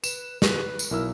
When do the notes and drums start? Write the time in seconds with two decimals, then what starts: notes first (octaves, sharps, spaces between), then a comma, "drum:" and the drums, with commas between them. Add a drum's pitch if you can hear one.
0.04 B4 E7, drum: tambourine
0.42 B4, drum: snare
0.79 drum: tambourine
0.91 B1 E4 A#4 E6